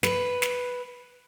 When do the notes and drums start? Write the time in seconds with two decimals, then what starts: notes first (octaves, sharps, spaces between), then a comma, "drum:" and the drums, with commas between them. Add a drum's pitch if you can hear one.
0.03 B4, drum: snare
0.42 drum: snare